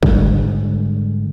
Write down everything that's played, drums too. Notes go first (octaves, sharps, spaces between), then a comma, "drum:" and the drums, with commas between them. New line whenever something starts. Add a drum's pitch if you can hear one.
G#2 D3 G3 G#3, drum: kick